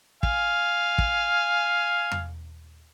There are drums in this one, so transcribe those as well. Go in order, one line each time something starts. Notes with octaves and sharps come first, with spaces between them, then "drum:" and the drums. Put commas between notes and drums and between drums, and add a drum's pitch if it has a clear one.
F5 G#5, drum: kick
drum: kick
drum: tom E2